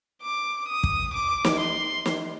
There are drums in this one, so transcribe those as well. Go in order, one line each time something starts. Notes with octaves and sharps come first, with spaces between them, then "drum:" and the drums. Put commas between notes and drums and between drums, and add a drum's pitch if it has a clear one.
D6
D#6
drum: kick
D6
drum: snare
C6
drum: snare